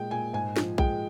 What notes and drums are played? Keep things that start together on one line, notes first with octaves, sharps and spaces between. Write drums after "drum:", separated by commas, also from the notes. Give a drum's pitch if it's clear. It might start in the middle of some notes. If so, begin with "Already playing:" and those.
Already playing: A#2 G#3 G5
A#2 G#5
G#2 G#5
F3, drum: snare
G#3 G5, drum: kick B1